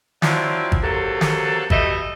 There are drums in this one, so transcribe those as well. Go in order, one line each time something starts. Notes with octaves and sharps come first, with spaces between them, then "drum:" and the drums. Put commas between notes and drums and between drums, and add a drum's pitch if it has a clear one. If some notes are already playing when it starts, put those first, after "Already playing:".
F3 F#3 C4 D4 E4 F4, drum: snare
drum: kick G#1
C3 F#3 A#3 A4
drum: snare
B2 G3 A3 D#5 E5, drum: kick G#1